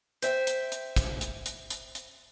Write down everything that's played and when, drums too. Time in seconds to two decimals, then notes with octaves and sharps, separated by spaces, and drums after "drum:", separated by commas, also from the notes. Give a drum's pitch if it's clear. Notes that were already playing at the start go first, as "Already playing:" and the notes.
0.22 C5 E5 G5, drum: hi-hat
0.47 drum: hi-hat
0.72 drum: hi-hat
0.96 drum: kick, hi-hat
1.21 drum: hi-hat
1.46 drum: hi-hat
1.70 drum: hi-hat
1.95 drum: hi-hat